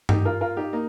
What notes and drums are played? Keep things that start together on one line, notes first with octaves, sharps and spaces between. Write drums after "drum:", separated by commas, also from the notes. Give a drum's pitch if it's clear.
D#4 G4, drum: tom G2
F4 A#4
F4 A#4
D#4 G4
A#3 D#4